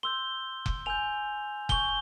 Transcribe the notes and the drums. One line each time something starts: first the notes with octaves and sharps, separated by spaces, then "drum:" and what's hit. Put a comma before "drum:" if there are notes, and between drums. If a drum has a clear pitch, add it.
C6 E6 G6 G7
drum: kick F1
G#5 E6 G6 F7
G#5 C#6 G6 G7, drum: kick F1